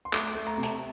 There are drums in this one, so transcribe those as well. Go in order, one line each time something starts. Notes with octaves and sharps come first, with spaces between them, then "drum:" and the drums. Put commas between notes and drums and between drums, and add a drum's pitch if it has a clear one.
C6
A3 D6, drum: clap
A3
A#5
C3
A5, drum: hi-hat